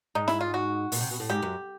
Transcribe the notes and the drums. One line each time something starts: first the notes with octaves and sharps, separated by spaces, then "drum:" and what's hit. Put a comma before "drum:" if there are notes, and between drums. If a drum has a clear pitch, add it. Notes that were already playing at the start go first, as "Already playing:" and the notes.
G#2 D#4
E4, drum: snare
F4
F#4
A#2, drum: open hi-hat
C3
B2
A2
G#2 G4
F#2